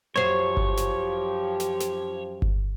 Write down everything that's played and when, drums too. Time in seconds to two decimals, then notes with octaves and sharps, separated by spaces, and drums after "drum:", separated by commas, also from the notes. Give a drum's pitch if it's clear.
0.16 F#2 F3 G4 C5 C#5
0.57 drum: kick G1
0.77 drum: snare
1.60 drum: snare
1.80 drum: snare
2.42 drum: kick G1